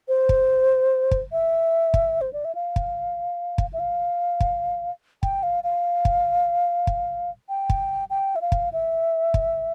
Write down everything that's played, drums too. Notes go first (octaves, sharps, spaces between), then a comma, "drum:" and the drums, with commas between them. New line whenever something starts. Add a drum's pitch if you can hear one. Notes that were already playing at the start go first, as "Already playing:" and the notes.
C5
drum: kick
drum: kick
E5
drum: kick
C5
D5
E5
F5
drum: kick
drum: kick
E5
F5
drum: kick
G5, drum: kick
F5
F5
drum: kick
drum: kick
G5
drum: kick
G5
E5
F5
drum: kick
E5
drum: kick